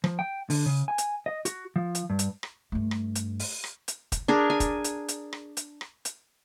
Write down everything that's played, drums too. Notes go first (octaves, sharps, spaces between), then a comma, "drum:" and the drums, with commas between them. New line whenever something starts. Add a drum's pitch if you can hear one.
F3, drum: rim click
G5
D3, drum: open hi-hat
C#3
G#5
drum: hi-hat
D#5
F#4, drum: hi-hat
F3
drum: hi-hat
G2
drum: hi-hat
drum: rim click
G2 A3
drum: rim click
drum: hi-hat
drum: open hi-hat
drum: rim click
drum: hi-hat
drum: kick, hi-hat
D4 G#4 A#4
G#5
drum: kick, hi-hat
drum: hi-hat
drum: hi-hat
drum: rim click
drum: hi-hat
drum: rim click
drum: hi-hat